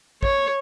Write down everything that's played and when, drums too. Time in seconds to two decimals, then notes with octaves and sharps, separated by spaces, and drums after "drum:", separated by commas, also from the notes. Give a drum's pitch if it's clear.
0.23 C#5, drum: kick